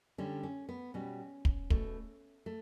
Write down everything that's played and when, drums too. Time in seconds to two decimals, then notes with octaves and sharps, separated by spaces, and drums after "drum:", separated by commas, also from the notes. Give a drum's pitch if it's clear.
0.18 D3 G3 C#4
0.43 C#4
0.69 B3
0.94 B2 G3 C#4
1.45 drum: kick
1.70 B2 A3, drum: kick
2.46 A3